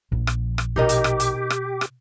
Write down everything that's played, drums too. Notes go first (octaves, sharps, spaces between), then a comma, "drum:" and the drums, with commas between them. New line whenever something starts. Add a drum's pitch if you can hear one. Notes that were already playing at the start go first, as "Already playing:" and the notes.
A#1 F3
drum: rim click
drum: rim click
B2 D#4 G4 A#4 D#5
drum: hi-hat
drum: rim click
drum: hi-hat
drum: rim click
drum: rim click